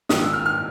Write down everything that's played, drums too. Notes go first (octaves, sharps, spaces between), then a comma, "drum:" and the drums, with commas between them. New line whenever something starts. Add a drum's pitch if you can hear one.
A#1 G#2 D#3 D#6, drum: snare
E6
F6
F6